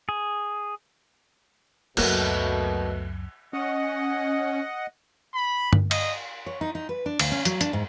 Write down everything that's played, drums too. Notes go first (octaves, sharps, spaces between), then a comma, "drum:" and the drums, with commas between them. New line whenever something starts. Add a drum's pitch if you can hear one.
G#4
C#2 F#2 B2 F#3 A3 A#3 F#4, drum: cymbal
C#4 D#5 F#5
B5
drum: tom G2
D#5, drum: cymbal
C#5
D#4
D#4
B4
D4
D2, drum: cymbal
C#4
F#3, drum: hi-hat
D4, drum: hi-hat
G#2